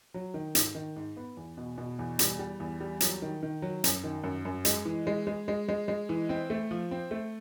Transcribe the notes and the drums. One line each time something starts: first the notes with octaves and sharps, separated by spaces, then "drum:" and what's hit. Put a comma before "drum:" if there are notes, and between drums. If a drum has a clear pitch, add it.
F#3
D#3
G#2, drum: hi-hat
D#3
G#2
B3
E2
B2
B2
E2
G3, drum: hi-hat
G3
E2
G3
F#3, drum: hi-hat
D#3
D#3
F#3
F#2, drum: hi-hat
D#3
F#2
F#2
G#3, drum: hi-hat
E3
G#3
G#3
G#3
G#3
G#3
E3
C4
A3
F3
C4
A3